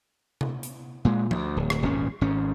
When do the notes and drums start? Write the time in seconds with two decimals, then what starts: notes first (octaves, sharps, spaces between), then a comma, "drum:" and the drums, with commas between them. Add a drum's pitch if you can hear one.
0.41 drum: tom C3
0.63 drum: hi-hat
1.05 A#2 G#3
1.31 D2, drum: tom F3
1.57 D1
1.70 drum: rim click
1.82 D#1 G#1 A#2 C#4
2.21 G#1 G#2 C#4